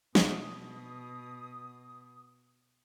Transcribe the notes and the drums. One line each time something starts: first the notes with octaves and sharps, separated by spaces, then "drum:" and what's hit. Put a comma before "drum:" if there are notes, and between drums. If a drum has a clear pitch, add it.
B2 D#6, drum: snare